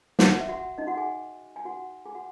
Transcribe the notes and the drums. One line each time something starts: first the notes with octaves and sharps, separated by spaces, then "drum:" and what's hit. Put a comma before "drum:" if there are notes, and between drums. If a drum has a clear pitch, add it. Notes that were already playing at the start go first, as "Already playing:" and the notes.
F#4 F#5, drum: snare
E5
F#4 F#5
D#4 D#5
F#4 F#5
G#4 G#5
G#5
F#4 F#5
G#4 G#5
F#4 F#5